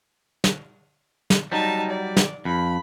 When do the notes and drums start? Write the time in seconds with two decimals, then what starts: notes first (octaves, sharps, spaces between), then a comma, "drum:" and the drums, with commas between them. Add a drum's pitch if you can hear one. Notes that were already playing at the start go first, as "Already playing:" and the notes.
0.44 drum: snare
1.30 drum: snare
1.52 F#3 G3 D#4 A5
1.90 D5
2.17 drum: snare
2.45 F2 B5